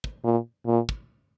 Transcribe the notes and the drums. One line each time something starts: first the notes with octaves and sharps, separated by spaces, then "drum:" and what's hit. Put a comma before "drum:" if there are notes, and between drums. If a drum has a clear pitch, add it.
drum: kick
A#2
A#2
drum: kick